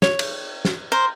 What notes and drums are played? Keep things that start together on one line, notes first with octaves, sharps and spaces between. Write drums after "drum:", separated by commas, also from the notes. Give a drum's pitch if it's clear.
C#5, drum: snare
drum: cymbal
drum: snare
A#4 C5